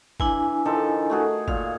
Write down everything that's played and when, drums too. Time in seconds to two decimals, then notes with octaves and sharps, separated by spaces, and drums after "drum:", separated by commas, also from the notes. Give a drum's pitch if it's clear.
0.20 E3 D4 E4 G#5, drum: kick
0.65 D#3 F3 A4
1.10 A3 F#4 G#4
1.48 A#2 F5, drum: kick